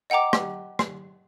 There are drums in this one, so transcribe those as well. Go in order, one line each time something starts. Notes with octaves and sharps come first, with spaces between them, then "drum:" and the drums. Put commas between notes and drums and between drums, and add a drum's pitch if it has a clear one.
D#5 F#5 G5 A#5 D6
drum: rim click
drum: rim click